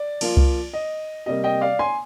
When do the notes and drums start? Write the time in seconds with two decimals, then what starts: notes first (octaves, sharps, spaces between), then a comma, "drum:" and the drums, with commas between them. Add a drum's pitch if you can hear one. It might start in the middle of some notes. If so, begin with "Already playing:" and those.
Already playing: D5
0.21 F3 A#3 F4, drum: cymbal
0.37 drum: kick C2
0.73 D#5
1.26 C3 G3 A#3 D#5
1.44 D#5 G5
1.61 D5 F5
1.79 G#5 C6